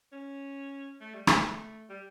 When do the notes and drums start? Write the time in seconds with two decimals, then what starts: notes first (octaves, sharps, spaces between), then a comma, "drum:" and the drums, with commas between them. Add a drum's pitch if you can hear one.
0.12 C#4
1.01 A3
1.14 G3
1.27 A3, drum: rim click
1.89 G3